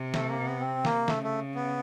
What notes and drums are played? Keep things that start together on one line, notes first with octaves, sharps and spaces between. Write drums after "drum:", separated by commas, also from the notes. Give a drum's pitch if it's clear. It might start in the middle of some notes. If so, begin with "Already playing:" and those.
Already playing: C3
A3, drum: snare
A#3
B3
C4
A#3, drum: snare
C#3 A3, drum: snare
A3
B3